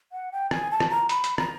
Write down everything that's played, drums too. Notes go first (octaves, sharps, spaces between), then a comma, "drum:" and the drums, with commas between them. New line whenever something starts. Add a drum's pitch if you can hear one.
F#5
G5
G#5, drum: rim click
A5
drum: rim click
A#5
B5, drum: hi-hat
drum: hi-hat
A#5, drum: rim click